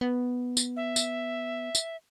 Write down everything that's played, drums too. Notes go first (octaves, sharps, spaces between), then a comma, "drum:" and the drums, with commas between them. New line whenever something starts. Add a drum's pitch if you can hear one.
B3
drum: tambourine
E5
drum: tambourine
drum: tambourine